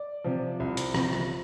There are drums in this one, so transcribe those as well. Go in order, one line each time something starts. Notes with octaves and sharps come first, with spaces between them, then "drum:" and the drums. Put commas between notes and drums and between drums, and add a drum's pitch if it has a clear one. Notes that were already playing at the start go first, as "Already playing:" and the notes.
Already playing: D5
C3 F3
C2
drum: hi-hat
C3 F3, drum: rim click
drum: rim click